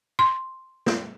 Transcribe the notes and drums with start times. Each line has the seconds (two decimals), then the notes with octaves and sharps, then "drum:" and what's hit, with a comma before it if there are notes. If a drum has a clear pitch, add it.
0.19 C6
0.86 drum: snare